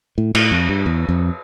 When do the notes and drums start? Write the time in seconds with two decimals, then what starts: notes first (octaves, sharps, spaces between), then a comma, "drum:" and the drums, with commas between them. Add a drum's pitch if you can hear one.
0.18 A2
0.35 A2, drum: cymbal
0.51 F2
0.69 G2
0.86 E2
1.09 F2